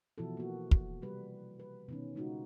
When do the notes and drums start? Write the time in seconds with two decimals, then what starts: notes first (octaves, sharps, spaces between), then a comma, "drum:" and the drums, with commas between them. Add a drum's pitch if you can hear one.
0.18 B2 E3 F3 E4 F#4 A4
0.37 A#3 F#4
0.71 drum: kick
1.02 C3 G3 B4
1.60 B4
1.89 B2 D#3 C#4
2.16 C#3 G#3 D#4 F4 F#4